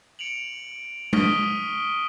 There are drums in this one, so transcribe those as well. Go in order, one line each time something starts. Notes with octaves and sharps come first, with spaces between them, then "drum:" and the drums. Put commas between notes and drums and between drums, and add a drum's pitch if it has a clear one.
C#7 D7 F7 F#7
C#6 D#6 F6 B6 D7 G7, drum: tom G#3